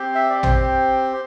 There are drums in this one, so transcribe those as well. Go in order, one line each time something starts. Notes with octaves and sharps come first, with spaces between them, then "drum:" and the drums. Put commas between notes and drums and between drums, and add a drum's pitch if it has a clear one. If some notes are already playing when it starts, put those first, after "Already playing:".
Already playing: C4 G4 C5
E5
D5
C5, drum: tom